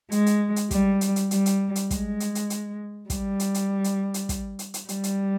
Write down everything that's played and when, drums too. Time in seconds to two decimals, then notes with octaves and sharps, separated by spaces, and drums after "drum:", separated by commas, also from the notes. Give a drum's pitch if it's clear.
0.12 G#3, drum: hi-hat
0.26 drum: hi-hat
0.56 drum: hi-hat
0.71 G3, drum: kick, hi-hat
1.01 drum: hi-hat
1.16 drum: hi-hat
1.31 G3, drum: hi-hat
1.46 drum: hi-hat
1.76 drum: hi-hat
1.91 G#3, drum: kick, hi-hat
2.20 drum: hi-hat
2.35 drum: hi-hat
2.50 drum: hi-hat
3.10 G3, drum: kick, hi-hat
3.40 drum: hi-hat
3.54 drum: hi-hat
3.84 drum: hi-hat
4.14 drum: hi-hat
4.29 drum: kick, hi-hat
4.59 drum: hi-hat
4.74 drum: hi-hat
4.89 G3, drum: hi-hat
5.04 drum: hi-hat